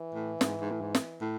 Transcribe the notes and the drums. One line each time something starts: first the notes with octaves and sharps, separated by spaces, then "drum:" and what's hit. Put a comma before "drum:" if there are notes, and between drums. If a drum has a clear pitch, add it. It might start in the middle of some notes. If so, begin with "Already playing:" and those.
Already playing: E3
A2
G#2, drum: snare
G#2
A2
G#2
drum: snare
A2